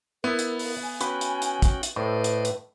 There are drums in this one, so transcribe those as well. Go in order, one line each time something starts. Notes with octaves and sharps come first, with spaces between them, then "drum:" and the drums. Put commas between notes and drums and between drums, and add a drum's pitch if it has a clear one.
B3 E4 A#4
drum: hi-hat
drum: open hi-hat
G#5
C#4 F#4 B4 G5, drum: hi-hat
drum: hi-hat
drum: hi-hat
drum: kick, hi-hat
drum: hi-hat
A2 B4 C5 D5 D#5
drum: hi-hat
drum: hi-hat